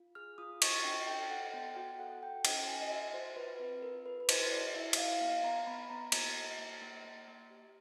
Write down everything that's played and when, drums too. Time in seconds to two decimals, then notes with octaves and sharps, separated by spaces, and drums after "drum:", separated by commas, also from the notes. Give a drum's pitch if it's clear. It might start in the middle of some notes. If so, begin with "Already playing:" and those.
Already playing: F4
0.15 G#4 F6
0.38 F4 D#6
0.62 F4 C#6, drum: cymbal
0.84 D4 G5
1.07 A4 G5
1.30 A4 F#5
1.53 B3 G5
1.76 F#4 G5
1.99 A4 F#5
2.11 F#5
2.22 F#4 G5
2.45 C#4 G5, drum: cymbal
2.68 A4 G#5
2.82 D#5
2.91 F#4 E5
3.14 F#4 C5
3.36 F4 B4
3.59 C4 B4
3.82 F4 A#4
4.05 A4 B4
4.20 B4
4.29 E4 C5, drum: cymbal
4.51 G#4 D5
4.75 E4 E5
4.93 E5, drum: cymbal
4.97 E4 F5
5.21 B3 F5
5.44 B3 A#5
5.67 B3 B5
5.90 B3 A#5
6.12 A#3, drum: cymbal
6.36 A#3
6.58 A#3
6.82 A#3
7.05 A#3
7.28 A#3
7.51 G4